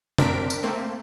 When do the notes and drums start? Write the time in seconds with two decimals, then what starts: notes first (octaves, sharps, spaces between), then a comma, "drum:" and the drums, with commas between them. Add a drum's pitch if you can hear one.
0.18 F#2 C4 D4 A#4 B6 D7, drum: tom C3
0.50 drum: tambourine
0.63 A3 A#3 C4